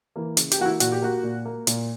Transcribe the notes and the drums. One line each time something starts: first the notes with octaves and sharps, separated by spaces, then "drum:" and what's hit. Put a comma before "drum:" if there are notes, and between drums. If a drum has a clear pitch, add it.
E3 A#3
C#3, drum: hi-hat
G4, drum: hi-hat
E3 A#3 F#4
E4
A#2 F#4, drum: hi-hat
G4
A#3 F#4
A#2
A#3
A#2, drum: hi-hat